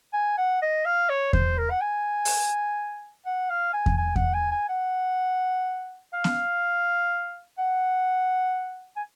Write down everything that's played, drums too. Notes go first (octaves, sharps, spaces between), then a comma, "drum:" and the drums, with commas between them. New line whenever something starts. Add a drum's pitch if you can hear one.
G#5
F#5
D#5
F5
C#5
C5, drum: kick E2
A#4
F#5
G#5
drum: open hi-hat
F#5
F5
G#5
drum: kick E2
G#5
F#5, drum: kick E2
G#5
G#5
F#5
F5
drum: snare B3
F#5
G#5